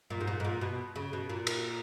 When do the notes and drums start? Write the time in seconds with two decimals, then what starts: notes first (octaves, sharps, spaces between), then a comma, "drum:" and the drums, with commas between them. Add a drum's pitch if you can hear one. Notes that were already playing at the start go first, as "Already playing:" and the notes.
0.10 A#2
0.21 G#2
0.27 A#2
0.40 G#2
0.44 A#2
0.61 B2
0.96 C#3
1.13 B2
1.30 A#2
1.47 drum: cymbal